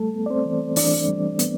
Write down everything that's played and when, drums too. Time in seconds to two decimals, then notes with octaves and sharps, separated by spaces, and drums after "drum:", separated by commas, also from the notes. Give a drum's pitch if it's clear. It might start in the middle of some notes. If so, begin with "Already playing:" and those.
Already playing: G3 A3 A4
0.14 B3
0.26 D5
0.30 C4 C5
0.45 E3
0.76 E3 D4 D5, drum: open hi-hat
1.08 G3
1.39 B3, drum: hi-hat